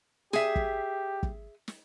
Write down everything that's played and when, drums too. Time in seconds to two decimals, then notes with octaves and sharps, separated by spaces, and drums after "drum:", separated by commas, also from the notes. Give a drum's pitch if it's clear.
0.33 G4 G#4 E5, drum: snare
0.56 drum: kick
1.23 drum: kick
1.68 drum: snare